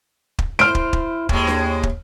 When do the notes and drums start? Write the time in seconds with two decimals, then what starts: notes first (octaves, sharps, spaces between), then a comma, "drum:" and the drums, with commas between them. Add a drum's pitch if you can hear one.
0.39 drum: kick
0.59 E4 C5 F6 D7
0.75 drum: kick
0.93 drum: kick
1.29 D#2 A2 G#3, drum: kick
1.47 drum: snare D4
1.83 drum: kick